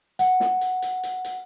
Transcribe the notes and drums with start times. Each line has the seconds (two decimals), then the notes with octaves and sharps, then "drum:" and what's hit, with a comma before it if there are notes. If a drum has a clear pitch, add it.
0.19 F#5, drum: hi-hat
0.40 drum: snare
0.61 drum: hi-hat
0.82 drum: hi-hat
1.03 drum: hi-hat
1.25 drum: hi-hat